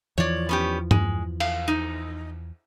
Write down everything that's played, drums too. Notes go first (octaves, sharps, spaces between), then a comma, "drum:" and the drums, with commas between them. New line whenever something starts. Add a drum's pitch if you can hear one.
E2 E3 F3 C#5 D5
B3 C#4 G4
G#3, drum: tom G2
F5, drum: cymbal
D#4